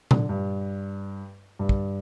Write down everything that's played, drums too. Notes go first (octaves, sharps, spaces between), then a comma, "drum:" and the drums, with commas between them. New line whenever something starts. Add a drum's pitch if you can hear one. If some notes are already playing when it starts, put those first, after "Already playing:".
D3, drum: tom A#2
G2
G2
drum: kick